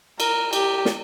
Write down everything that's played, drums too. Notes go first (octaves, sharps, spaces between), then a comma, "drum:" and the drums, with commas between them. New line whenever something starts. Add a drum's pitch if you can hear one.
A#4, drum: cymbal
G4, drum: cymbal
drum: snare